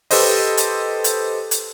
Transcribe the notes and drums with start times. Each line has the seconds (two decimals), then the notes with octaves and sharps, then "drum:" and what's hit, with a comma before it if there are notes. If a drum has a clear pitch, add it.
0.11 G4 A4 B4 C5 D#5, drum: open hi-hat
0.57 drum: hi-hat
1.04 drum: hi-hat
1.51 drum: hi-hat